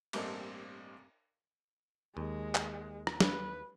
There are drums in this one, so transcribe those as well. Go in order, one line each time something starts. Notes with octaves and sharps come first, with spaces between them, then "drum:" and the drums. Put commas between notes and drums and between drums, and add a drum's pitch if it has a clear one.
A1 G2 A#3 C4 A4 D#5, drum: cymbal
D#2 G#3
drum: clap
drum: rim click
B4, drum: snare